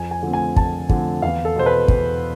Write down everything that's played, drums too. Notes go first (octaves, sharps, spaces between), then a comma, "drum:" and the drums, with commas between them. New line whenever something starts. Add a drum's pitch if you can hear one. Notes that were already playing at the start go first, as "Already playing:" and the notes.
Already playing: F2 G#5
G#5
D3 F3 A3 C4
G#5
F2 A5, drum: kick
D3 F3 A3 C4, drum: kick
E2 F5
A4
B2 B3 C5
B4
E2, drum: kick